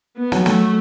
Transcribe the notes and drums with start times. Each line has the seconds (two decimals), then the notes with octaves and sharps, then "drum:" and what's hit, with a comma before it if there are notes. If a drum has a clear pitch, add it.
0.17 B3
0.32 F#3, drum: snare
0.46 A3, drum: snare